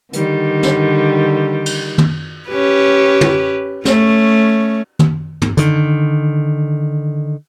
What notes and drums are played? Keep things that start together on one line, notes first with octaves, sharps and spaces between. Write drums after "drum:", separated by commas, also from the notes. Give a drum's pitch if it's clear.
D3 D#3 G3, drum: hi-hat
drum: snare
drum: cymbal
drum: tom
C#4 G4 B4
drum: tom
A3 C#4, drum: snare
drum: tom
drum: tom
D3 D#3, drum: hi-hat